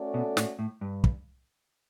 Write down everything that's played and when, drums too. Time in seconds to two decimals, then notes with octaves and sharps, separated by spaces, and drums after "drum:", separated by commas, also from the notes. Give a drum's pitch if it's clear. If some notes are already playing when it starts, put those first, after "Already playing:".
Already playing: A3 C#4 F#4 A4 D5
0.14 B2
0.37 A2, drum: snare
0.59 A2
0.81 G2
1.04 drum: kick